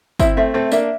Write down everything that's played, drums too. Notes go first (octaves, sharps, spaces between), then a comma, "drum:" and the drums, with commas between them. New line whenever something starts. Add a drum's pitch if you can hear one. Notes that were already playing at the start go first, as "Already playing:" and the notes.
C4 E4 E5, drum: kick G1, tambourine
A3 C4 E5
A3 C4 A4
A#3 D4 E5, drum: tambourine